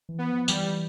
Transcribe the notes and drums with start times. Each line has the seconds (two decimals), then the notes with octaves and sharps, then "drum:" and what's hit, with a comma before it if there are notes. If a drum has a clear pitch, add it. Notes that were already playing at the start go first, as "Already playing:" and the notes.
0.09 E3
0.19 B3
0.29 F3
0.48 E3 G3, drum: tambourine